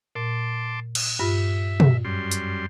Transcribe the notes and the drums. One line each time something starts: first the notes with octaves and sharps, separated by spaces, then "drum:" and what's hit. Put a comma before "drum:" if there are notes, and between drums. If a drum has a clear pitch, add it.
A#2 A5 C6 D6
drum: cymbal
G2 F4 E5
drum: tom
F#2 G3 C6
drum: hi-hat